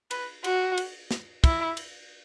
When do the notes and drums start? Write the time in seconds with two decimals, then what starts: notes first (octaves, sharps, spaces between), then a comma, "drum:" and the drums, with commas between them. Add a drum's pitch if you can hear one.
0.11 B4, drum: cymbal
0.44 F#4, drum: cymbal
0.77 drum: cymbal
1.11 drum: snare
1.44 E4, drum: kick, cymbal
1.77 drum: cymbal